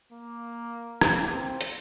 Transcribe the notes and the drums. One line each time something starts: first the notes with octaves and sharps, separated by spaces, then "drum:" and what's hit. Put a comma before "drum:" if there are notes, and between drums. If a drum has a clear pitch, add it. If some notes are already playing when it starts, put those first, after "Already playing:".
A#3
A#3, drum: rim click
C4
drum: hi-hat